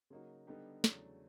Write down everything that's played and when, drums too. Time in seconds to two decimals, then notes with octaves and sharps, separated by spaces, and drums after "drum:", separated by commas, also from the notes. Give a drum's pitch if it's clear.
0.10 C#3 F#3 A#3 D#4 F#4
0.47 D3 G3 B3 D#4 G4
0.84 E2 C#3 F#3 A3 D4, drum: snare